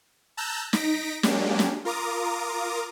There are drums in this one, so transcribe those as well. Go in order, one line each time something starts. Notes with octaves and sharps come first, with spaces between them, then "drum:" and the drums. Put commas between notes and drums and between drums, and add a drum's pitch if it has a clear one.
A5 A#5 E6 F#6 G6
D#4 A#6 B6 D7, drum: snare
F#3 G#3 A#3 C#4 D4 G4, drum: snare
drum: snare
F4 A#4 A#5 D6 D#6